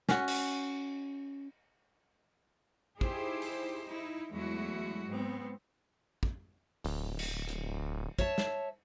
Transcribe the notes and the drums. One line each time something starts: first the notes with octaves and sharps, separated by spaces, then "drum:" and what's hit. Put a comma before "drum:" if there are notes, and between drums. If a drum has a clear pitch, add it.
C#4 F#4, drum: snare
drum: cymbal
D#4 E4 G4 G#4 C5, drum: kick
drum: open hi-hat
D#4 E4
E2 F#3 G#3 A3 E4 F#4
G#2 B3 C4
drum: kick
D1, drum: open hi-hat
drum: cymbal
drum: hi-hat
C#5 E5 A5, drum: kick
drum: snare